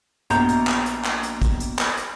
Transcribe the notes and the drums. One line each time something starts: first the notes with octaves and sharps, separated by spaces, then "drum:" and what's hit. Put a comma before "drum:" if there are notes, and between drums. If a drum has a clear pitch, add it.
A#1 B2 A#5 G6 F7, drum: hi-hat
drum: hi-hat
drum: clap
drum: hi-hat
drum: clap
drum: hi-hat
drum: kick, hi-hat
drum: hi-hat
drum: clap
drum: hi-hat